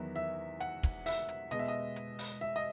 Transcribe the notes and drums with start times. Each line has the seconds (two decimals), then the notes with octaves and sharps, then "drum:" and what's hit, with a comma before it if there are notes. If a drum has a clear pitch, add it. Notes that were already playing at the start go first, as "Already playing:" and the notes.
Already playing: E2 D#3 F#3 B3 E5
0.16 E5
0.60 F#5, drum: hi-hat
0.83 drum: kick, hi-hat
1.06 E5, drum: open hi-hat
1.28 drum: hi-hat
1.51 B2 G#3 B3 D#5, drum: hi-hat
1.59 E5
1.68 D#5
1.96 drum: hi-hat
2.19 drum: open hi-hat
2.41 E5
2.56 D#5